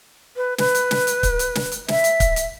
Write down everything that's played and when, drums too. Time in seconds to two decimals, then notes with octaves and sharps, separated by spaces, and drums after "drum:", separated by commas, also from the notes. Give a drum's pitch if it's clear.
0.37 B4
0.58 B4, drum: snare
0.75 drum: hi-hat
0.91 drum: snare
1.07 drum: hi-hat
1.23 drum: kick C#1, hi-hat
1.39 drum: hi-hat
1.55 drum: snare
1.72 drum: hi-hat
1.88 E5, drum: snare
2.04 drum: hi-hat
2.20 drum: kick C#1, hi-hat
2.36 drum: hi-hat